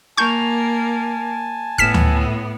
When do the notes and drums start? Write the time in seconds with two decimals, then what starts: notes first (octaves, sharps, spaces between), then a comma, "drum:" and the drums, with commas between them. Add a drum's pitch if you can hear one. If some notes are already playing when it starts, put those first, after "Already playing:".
0.17 A#3 G#5 A5 C#6 G6
1.78 A2 B3 F6 B6 E7, drum: kick F#1
1.94 drum: tom D2